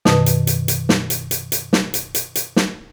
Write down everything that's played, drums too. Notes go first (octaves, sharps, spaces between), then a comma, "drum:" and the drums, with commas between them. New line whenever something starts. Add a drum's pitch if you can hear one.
F#2 B2 D#3 B4 A5 D#6, drum: snare
drum: hi-hat
drum: hi-hat
drum: hi-hat
drum: snare
drum: hi-hat
drum: hi-hat
drum: hi-hat
drum: snare
drum: hi-hat
drum: hi-hat
drum: hi-hat
drum: snare